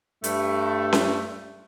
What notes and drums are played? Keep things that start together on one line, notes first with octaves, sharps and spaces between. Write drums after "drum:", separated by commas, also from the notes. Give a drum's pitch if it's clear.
G2 A3, drum: hi-hat
drum: snare C#4